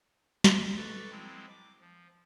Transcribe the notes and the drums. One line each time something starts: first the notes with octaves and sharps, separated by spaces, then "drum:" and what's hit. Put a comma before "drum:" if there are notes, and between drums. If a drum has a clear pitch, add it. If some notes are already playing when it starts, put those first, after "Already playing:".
E5, drum: snare
A4 B4 C#6 D6 E6 A6
F3 F#3 G#3 C4 E4
D6
F3